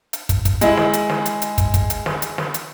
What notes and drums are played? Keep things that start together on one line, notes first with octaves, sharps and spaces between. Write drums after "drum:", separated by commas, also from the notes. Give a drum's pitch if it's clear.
drum: hi-hat
drum: kick, hi-hat
drum: kick, hi-hat
G#3 E4, drum: hi-hat
drum: snare
drum: hi-hat
drum: snare
drum: hi-hat
drum: hi-hat
drum: kick, hi-hat
drum: kick, hi-hat
drum: hi-hat
drum: snare
drum: hi-hat
drum: snare
drum: hi-hat